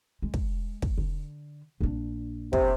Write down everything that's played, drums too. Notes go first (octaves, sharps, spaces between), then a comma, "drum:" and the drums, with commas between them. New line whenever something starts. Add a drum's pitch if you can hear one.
G#3
drum: kick
drum: kick
D3
A#1 D4
C3, drum: kick